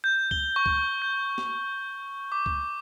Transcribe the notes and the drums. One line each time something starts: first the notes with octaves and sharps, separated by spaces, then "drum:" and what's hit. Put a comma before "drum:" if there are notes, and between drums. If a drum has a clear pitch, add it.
G6
G7, drum: kick C#2
C#6
drum: kick C#2
G6
drum: snare
D6
drum: kick C#2